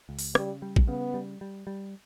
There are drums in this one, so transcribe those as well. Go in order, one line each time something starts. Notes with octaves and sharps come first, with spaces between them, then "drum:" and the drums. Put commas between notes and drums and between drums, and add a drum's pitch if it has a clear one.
C#2
drum: open hi-hat
C#3 G3, drum: rim click
G3
drum: kick A#1
C#3 B3
G3
G3
G3